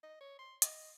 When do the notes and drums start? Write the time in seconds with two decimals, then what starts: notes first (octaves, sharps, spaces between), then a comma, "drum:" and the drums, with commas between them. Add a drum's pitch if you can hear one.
0.03 D#5
0.21 C#5
0.39 C6
0.62 D#5, drum: hi-hat